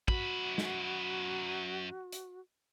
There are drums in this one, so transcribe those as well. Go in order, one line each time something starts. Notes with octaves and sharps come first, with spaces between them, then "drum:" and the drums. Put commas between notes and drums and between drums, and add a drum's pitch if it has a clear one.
F#2 F#4 B5, drum: kick
drum: snare
drum: hi-hat